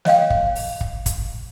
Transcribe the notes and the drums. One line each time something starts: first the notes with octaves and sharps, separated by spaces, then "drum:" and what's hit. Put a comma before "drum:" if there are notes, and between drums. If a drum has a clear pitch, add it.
C#5 D#5 F5 G5, drum: snare
drum: kick
drum: open hi-hat
drum: kick
drum: kick, hi-hat